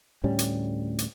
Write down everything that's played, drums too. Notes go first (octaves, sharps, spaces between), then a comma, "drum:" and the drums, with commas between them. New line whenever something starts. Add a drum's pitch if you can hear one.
D2 A2 G3 C#4
drum: hi-hat
drum: hi-hat